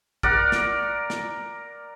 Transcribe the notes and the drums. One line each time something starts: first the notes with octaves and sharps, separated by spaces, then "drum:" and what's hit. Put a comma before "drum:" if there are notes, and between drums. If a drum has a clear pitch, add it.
A#4 D5 F#5, drum: kick A1
drum: snare
drum: snare